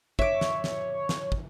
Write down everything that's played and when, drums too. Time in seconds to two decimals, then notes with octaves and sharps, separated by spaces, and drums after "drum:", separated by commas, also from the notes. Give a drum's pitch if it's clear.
0.19 C#5 E5 D6, drum: kick
0.41 drum: snare
0.64 drum: snare
1.09 drum: snare
1.32 drum: kick